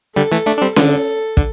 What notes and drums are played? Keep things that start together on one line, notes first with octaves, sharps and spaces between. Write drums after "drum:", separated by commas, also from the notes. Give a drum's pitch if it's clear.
D3 G3 A4
E3 A3
A3 D4
D4
G3 C4
D3 A4, drum: snare C#4
D3, drum: kick